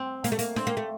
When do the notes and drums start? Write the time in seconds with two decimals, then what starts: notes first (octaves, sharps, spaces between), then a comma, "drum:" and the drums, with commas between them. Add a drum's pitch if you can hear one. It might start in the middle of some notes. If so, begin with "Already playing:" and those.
Already playing: C4
0.24 A#3, drum: hi-hat
0.32 A3
0.39 A#3, drum: hi-hat
0.56 C4, drum: snare D4
0.67 A#3
0.77 A3